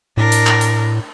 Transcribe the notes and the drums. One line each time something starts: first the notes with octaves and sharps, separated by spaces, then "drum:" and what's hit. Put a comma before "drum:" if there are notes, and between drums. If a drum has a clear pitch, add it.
A2 D4 A#4
drum: hi-hat
drum: clap
drum: hi-hat